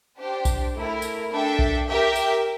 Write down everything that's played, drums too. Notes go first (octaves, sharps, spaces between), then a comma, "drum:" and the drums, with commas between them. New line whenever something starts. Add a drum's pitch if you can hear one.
D4 G4 C5 G5
drum: kick B1, tambourine
A3 E4 A#4
drum: tambourine
D4 A4 E5 G5
drum: kick B1
G4 A#4 E5 G5
drum: tambourine